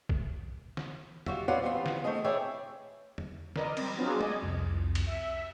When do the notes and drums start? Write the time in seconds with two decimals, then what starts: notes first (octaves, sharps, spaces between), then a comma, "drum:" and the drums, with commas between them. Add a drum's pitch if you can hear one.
0.09 drum: kick
0.77 drum: snare
1.26 G3 F4 F#4 E5, drum: tom E2
1.48 C#4 F4 B4 D5 F#5
1.63 E3 G3 B3 C4 F4
1.86 drum: snare
2.04 A3 C4 D4 G#4 D#5
2.24 G#4 B4 C#5 D5 E5 G5
3.18 drum: tom E2
3.56 A#4 B4 D5 D#5, drum: snare
3.77 G3 C4, drum: cymbal
3.96 F#3 B3 C4 D4 F4 G#4
4.21 D5 D#5 G#5, drum: tom
4.42 C2 F2
4.95 drum: cymbal
5.07 E5